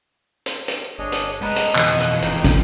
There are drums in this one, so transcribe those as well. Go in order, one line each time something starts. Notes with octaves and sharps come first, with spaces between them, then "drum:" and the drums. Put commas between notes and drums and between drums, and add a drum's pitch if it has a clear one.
drum: hi-hat
drum: hi-hat
G1 D4 G#4 C#5 D#5
drum: hi-hat
G#3 B3 B4 D#5 A5 A#5
drum: hi-hat
F2 B2 E3 F#5, drum: clap
drum: hi-hat
D#1 D#4 G5, drum: hi-hat
drum: kick, hi-hat